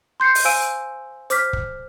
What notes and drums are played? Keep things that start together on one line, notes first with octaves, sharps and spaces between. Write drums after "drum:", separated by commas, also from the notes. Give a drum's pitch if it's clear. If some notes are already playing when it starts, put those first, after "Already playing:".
C6 G6 C7 C#7
drum: open hi-hat
C5 F5 G#5 E6 D7 D#7
C5 D6 F6 B6, drum: hi-hat
drum: kick